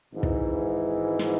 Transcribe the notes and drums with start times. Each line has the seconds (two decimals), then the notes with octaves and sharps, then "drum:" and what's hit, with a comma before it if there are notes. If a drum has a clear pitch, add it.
0.13 G#1 G#2 E3
0.23 drum: kick
1.19 drum: snare